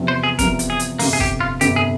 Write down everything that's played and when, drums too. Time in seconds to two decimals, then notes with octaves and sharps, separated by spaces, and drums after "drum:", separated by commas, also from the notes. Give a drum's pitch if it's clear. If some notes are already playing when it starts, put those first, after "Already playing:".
Already playing: E2 C3 F3
0.08 C5
0.23 G#4
0.39 E2 C3 F3 A#4, drum: kick, hi-hat
0.59 drum: hi-hat
0.70 G#4
0.79 drum: hi-hat
0.99 G1 F2 C3 A#3, drum: open hi-hat
1.13 G#4
1.20 G4, drum: kick
1.40 F4
1.61 G1 F2 C3 G4, drum: hi-hat
1.76 G#4